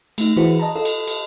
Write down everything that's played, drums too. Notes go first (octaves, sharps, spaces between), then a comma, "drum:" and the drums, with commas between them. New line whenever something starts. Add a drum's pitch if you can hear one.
A3 D#4, drum: cymbal
E3 E4 F#4 G#4 B4 C5
D#5 A5 A#5
F4 A4 D#5
drum: cymbal
drum: cymbal